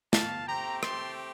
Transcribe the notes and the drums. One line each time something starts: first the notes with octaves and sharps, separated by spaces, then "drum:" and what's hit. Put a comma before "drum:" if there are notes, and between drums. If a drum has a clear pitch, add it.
F5 A5, drum: snare
A3 C4 G4 G5 A#5
A5 C6, drum: rim click